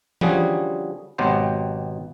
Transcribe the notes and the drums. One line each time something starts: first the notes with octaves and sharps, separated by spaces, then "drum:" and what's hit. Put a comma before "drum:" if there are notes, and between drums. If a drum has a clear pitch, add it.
D3 F3 G3 C#4 F#4 G#4, drum: tom E3
G#1 B2 F#3 B3 G4 C5